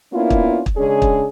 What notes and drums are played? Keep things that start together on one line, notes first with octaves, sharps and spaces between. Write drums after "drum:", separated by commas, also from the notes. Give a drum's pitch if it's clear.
A#3 B3 C#4 D4 E4 F4
drum: kick
drum: kick
C#3 G#3 C#4 D4 G#4
drum: kick